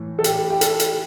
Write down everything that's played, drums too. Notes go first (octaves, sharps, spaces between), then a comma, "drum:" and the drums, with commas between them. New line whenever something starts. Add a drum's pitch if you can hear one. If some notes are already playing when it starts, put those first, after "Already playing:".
Already playing: A2 E3
A4
G4, drum: hi-hat
G4
A4, drum: hi-hat
drum: hi-hat